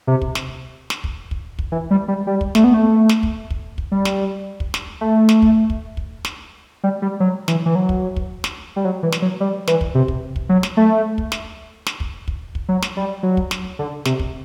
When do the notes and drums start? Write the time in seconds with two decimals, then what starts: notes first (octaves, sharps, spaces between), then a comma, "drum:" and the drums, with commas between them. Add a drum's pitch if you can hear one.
0.07 C3
0.22 drum: kick
0.35 drum: snare
0.90 drum: snare
1.04 drum: kick
1.31 drum: kick
1.59 drum: kick
1.72 E3
1.91 G3
2.08 G3
2.27 G3
2.41 drum: kick
2.55 A3, drum: snare
2.64 B3
2.74 A3
3.09 drum: snare
3.23 drum: kick
3.50 drum: kick
3.78 drum: kick
3.92 G3
4.05 drum: snare
4.60 drum: kick
4.74 drum: snare
5.01 A3
5.29 drum: snare
5.42 drum: kick
5.70 drum: kick
5.97 drum: kick
6.25 drum: snare
6.84 G3
7.02 G3
7.20 F#3
7.48 E3, drum: snare
7.66 E3
7.75 F#3
7.89 drum: kick
8.16 drum: kick
8.44 drum: snare
8.76 G3
8.85 F#3
9.03 E3
9.12 drum: snare
9.22 F#3
9.40 G3
9.67 E3, drum: snare
9.81 drum: kick
9.95 C3
10.08 drum: kick
10.36 drum: kick
10.49 F#3
10.63 drum: snare
10.77 A3
11.18 drum: kick
11.32 drum: snare
11.86 drum: snare
12.00 drum: kick
12.28 drum: kick
12.55 drum: kick
12.69 F#3
12.82 drum: snare
12.97 G3
13.23 F#3
13.37 drum: kick
13.51 drum: snare
13.79 D3
14.05 C3, drum: snare
14.19 drum: kick